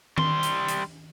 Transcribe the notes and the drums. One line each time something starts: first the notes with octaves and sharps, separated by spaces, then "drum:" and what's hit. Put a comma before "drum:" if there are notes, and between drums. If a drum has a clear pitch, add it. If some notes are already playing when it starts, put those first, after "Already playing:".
G3 C6, drum: tom D#3
drum: hi-hat
drum: hi-hat